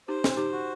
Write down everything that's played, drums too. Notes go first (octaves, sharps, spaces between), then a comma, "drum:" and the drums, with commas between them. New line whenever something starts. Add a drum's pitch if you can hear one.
D#4 G4 C5
drum: snare
D#4 G4
F#4